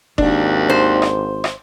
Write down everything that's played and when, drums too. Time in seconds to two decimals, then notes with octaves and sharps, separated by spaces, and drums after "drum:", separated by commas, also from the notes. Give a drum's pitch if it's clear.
0.18 G#1 D#2 D4, drum: kick F1
0.69 C5
1.02 drum: rim click
1.44 drum: rim click